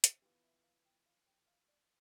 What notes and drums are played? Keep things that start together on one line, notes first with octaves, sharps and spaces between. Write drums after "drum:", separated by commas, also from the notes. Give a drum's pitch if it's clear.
drum: hi-hat
E3 B3 F4 G4 B4
E5
F5
G5
F5
G5
F5
D5